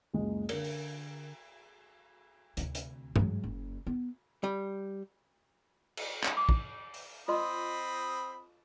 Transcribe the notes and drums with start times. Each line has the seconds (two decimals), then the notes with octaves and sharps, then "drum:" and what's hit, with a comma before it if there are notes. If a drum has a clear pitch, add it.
0.13 F#1 C#2 G#3
0.49 D3 A#4, drum: cymbal
0.64 drum: open hi-hat
2.57 D2 C3, drum: hi-hat
2.75 drum: hi-hat
3.16 G#2 F#3, drum: tom G2
3.43 F#1
3.87 B3
4.44 G3
5.97 drum: cymbal
6.24 drum: clap
6.37 D6
6.49 drum: kick
6.94 drum: open hi-hat
7.28 C4 F4 D#5 B5 C6 D#6